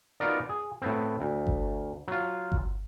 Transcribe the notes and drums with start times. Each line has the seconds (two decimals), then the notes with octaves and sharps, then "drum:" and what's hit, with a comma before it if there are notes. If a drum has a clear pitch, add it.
0.20 B3 D#4 F4 F#4 A#4 D5
0.49 G#4
0.82 A2 B3 C4
1.20 D2
1.47 drum: kick G1
2.08 F#3 F4
2.52 drum: kick G1